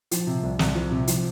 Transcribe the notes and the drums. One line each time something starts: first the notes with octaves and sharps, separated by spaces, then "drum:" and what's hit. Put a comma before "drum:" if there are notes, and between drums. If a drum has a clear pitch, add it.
F3, drum: hi-hat
C3
C2
C2, drum: snare
F3
C3
F3, drum: hi-hat